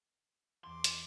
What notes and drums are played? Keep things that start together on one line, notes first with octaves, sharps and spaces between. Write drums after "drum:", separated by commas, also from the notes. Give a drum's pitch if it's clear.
E2 C6 D6
drum: hi-hat